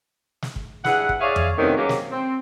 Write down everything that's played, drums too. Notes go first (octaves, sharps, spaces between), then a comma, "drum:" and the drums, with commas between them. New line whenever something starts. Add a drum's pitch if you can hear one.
drum: snare
drum: kick
G2 E4 G#4 F#5, drum: snare
drum: kick
G#4 C#5 D5 E5 F5
drum: tom F2
C3 D#3 E3 A3 B3 C#4
F#3 A#3 C4 C#4 G4 G#4
drum: snare
C4